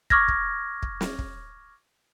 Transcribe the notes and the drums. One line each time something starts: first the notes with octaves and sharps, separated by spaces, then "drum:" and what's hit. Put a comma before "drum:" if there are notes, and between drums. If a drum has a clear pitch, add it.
C#6 D6 F6 G#6 A#6, drum: kick
drum: kick
drum: kick
drum: snare
drum: kick